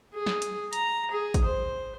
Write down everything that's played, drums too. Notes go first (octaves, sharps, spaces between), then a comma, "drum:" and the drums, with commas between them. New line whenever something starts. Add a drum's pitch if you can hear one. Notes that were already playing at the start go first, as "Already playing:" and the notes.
G#4
drum: snare
drum: hi-hat
A#5, drum: hi-hat
G#4
drum: kick, hi-hat
C5